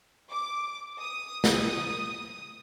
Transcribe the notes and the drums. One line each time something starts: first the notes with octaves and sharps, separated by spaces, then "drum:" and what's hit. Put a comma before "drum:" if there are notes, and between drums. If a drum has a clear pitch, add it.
D6
D#6
drum: snare